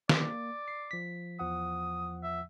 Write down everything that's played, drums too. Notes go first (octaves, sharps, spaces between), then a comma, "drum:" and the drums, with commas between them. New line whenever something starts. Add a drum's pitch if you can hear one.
A#3 D5, drum: snare
C7
F3 B6
E2 F3 F#5 D#6
E5